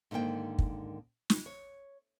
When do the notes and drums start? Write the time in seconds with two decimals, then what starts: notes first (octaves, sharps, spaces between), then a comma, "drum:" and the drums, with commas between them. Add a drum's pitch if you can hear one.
0.11 G#2 D3 D#3 A#3 G5
0.58 drum: kick
1.30 drum: snare
1.46 C#5